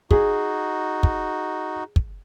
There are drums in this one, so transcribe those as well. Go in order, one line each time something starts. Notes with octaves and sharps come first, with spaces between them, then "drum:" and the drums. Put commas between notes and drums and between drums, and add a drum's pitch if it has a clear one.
D#4 F#4 G#4, drum: kick
drum: kick
drum: kick